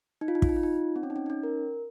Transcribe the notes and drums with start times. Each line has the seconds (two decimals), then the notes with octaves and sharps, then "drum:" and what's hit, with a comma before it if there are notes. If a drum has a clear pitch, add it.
0.21 D#4
0.28 F4
0.35 D#4
0.42 F4, drum: kick
0.49 D#4
0.56 F4
0.63 D#4
0.96 C4
1.03 C#4
1.10 D#4
1.16 C#4
1.26 D#4
1.30 C#4
1.43 A#4